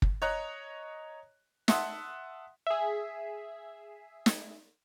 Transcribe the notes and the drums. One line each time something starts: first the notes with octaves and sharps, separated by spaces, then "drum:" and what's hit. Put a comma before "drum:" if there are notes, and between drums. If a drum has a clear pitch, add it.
drum: kick
C#5 D#5 A#5 F#6
E5 F#5 A5 C6 D#6, drum: snare
G#4 E5
drum: snare